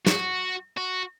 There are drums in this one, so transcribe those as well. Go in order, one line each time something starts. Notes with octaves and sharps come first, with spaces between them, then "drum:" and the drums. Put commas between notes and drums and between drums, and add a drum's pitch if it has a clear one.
F#4, drum: snare
F#4